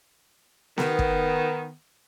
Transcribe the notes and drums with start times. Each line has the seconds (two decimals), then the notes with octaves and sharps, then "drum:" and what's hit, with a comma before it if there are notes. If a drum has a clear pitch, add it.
0.78 D#3 B3, drum: snare B3
0.99 drum: kick